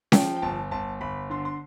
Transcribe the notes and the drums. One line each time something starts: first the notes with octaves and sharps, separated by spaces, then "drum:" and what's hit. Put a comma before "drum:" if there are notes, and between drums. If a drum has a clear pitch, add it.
F3 G5, drum: snare C#4
G5
G1 A5
G1 A5
G1 B5
D3 C6
C6